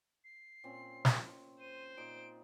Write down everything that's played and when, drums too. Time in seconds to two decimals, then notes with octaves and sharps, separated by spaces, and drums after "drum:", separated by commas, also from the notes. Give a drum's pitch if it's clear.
0.24 C7
0.64 A#2 C4 C#4
1.05 drum: snare
1.61 C5 D#7
1.97 A#2 D#4 D5 D7